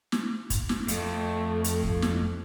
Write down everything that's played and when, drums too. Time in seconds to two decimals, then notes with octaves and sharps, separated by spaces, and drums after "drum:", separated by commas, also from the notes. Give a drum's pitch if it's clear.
0.12 drum: snare
0.50 drum: kick, hi-hat
0.69 drum: snare
0.88 F2 A3, drum: hi-hat
1.64 drum: hi-hat
1.83 drum: kick
2.02 drum: snare